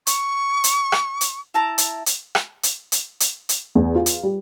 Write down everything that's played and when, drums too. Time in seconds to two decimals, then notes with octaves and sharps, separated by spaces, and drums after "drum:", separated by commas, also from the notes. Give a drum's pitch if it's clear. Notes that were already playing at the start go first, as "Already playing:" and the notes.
0.07 C#6, drum: hi-hat
0.64 drum: hi-hat
0.92 drum: rim click
1.21 drum: hi-hat
1.54 E4 A5 A#5
1.78 drum: hi-hat
2.06 drum: hi-hat
2.35 drum: rim click
2.63 drum: hi-hat
2.92 drum: hi-hat
3.20 drum: hi-hat
3.49 drum: hi-hat
3.75 E2
3.95 F4
4.06 drum: hi-hat
4.23 G3